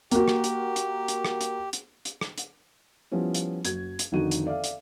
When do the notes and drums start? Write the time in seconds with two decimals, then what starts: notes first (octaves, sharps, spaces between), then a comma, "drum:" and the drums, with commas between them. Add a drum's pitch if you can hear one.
0.11 A#3 F#4 G4, drum: hi-hat
0.28 drum: rim click
0.44 drum: hi-hat
0.76 drum: hi-hat
1.08 drum: hi-hat
1.25 drum: rim click
1.41 drum: hi-hat
1.73 drum: hi-hat
2.05 drum: hi-hat
2.21 drum: rim click
2.38 drum: hi-hat
3.11 F3 G3 B3 C#4 E4
3.34 drum: hi-hat
3.65 F#1 F#4 G#6, drum: hi-hat
3.99 drum: hi-hat
4.12 F1 D3 D#3 D#4 F#4 D#7
4.31 drum: hi-hat
4.45 A4 D5 E5 F5
4.64 drum: hi-hat